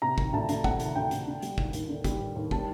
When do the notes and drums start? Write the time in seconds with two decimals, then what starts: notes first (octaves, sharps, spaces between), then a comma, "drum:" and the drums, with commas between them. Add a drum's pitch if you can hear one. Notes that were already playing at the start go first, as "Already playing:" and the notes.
0.02 C3 A#5
0.18 D#3, drum: kick
0.33 D2 A5
0.49 D2, drum: hi-hat
0.64 C3 F#5, drum: kick
0.80 D#3, drum: hi-hat
0.95 D2 G5
1.11 D2, drum: hi-hat
1.27 D3
1.42 G3, drum: hi-hat
1.58 D#2, drum: kick
1.73 D#2, drum: hi-hat
1.89 D3
2.04 G3, drum: kick, hi-hat
2.20 D#2
2.36 D#2
2.51 G3 A5, drum: kick